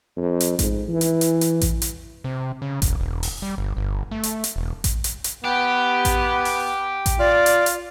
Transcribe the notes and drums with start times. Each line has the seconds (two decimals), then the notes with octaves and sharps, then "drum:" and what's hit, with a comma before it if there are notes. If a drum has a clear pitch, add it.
0.16 F2
0.40 drum: hi-hat
0.59 G#2, drum: kick A1, hi-hat
0.89 E3
1.01 drum: hi-hat
1.21 drum: hi-hat
1.41 drum: hi-hat
1.61 drum: kick A1, hi-hat
1.82 drum: hi-hat
2.24 C3
2.62 C#3
2.82 E1, drum: kick A1, hi-hat
3.00 E1
3.23 drum: open hi-hat
3.42 G3
3.58 G1
3.77 G1
4.11 A3
4.23 drum: hi-hat
4.44 drum: hi-hat
4.56 E1
4.84 drum: kick A1, hi-hat
5.04 drum: hi-hat
5.24 drum: hi-hat
5.44 B3 G4
6.05 drum: kick A1, hi-hat
6.45 drum: open hi-hat
7.06 drum: kick A1, hi-hat
7.19 F4 D5
7.46 drum: hi-hat
7.66 drum: hi-hat